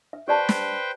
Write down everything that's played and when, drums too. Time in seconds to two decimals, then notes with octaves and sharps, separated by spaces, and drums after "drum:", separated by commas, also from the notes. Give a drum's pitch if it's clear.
0.13 E5
0.28 G4 B4 C5 D5 G5 A5
0.49 drum: snare